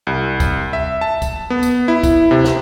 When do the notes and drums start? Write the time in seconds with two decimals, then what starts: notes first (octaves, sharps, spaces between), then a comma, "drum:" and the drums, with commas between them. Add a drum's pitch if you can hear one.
0.07 C2
0.40 drum: kick, tambourine
0.73 E5
1.01 A5
1.22 drum: kick, tambourine
1.50 B3
1.63 drum: tambourine
1.88 E4
2.03 drum: kick, tambourine
2.31 C3
2.44 drum: snare